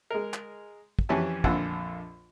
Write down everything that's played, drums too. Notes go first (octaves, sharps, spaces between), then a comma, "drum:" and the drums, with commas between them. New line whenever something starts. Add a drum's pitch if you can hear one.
G#3 A#4
drum: clap
drum: kick
F2 E3 C#4 G4 E5 A5
A#1 F2 D3 F4 F#5 E6, drum: kick